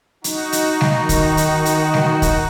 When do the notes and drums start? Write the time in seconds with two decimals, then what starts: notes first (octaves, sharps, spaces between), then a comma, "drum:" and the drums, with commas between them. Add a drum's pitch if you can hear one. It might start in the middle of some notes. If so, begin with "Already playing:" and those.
0.24 D#4 F#4, drum: hi-hat
0.52 drum: hi-hat
0.81 drum: snare G3
0.97 D#3
1.09 drum: kick, hi-hat
1.37 drum: hi-hat
1.65 drum: hi-hat
1.94 drum: snare G3
2.22 drum: kick, hi-hat